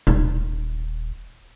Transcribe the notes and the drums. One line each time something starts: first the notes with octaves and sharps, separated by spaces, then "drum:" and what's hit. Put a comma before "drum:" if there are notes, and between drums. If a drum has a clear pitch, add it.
D#1, drum: tom B2